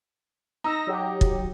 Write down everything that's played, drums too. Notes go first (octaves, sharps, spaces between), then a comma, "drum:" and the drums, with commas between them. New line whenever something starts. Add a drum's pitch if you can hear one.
D#4 A#5 E6 A#6
F#3 G4
drum: kick